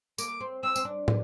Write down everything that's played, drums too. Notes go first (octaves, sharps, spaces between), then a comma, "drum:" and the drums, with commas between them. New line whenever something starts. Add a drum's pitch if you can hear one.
A#3 D6, drum: tambourine
C4
C4 E6
C4, drum: tambourine
D4
drum: tom